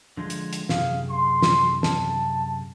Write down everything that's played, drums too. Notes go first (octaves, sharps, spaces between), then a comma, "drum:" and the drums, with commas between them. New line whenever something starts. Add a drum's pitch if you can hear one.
D3 F3 G#3
drum: hi-hat
drum: hi-hat
F#2 C3 G#4 F5, drum: snare
C6
drum: snare
A5, drum: snare